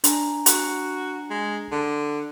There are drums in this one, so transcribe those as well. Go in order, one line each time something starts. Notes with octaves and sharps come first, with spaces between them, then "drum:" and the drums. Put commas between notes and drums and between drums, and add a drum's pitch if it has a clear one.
D4 G#5 A#5, drum: hi-hat
F#4, drum: hi-hat
G#3
D3